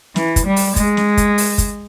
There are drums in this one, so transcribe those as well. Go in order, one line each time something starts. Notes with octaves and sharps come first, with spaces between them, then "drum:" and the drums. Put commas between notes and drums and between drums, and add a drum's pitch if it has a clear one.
E3, drum: snare
drum: kick, hi-hat
G3
drum: open hi-hat
G#3, drum: kick, hi-hat
drum: snare
drum: kick, hi-hat
drum: open hi-hat
drum: kick, hi-hat